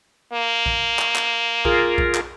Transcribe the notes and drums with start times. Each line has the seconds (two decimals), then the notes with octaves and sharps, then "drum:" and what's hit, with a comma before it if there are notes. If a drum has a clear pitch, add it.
0.33 A#3
0.66 drum: kick A#1
0.99 drum: clap
1.15 drum: clap
1.65 F4 G#4 A#4, drum: kick A#1
1.98 drum: kick A#1
2.15 drum: clap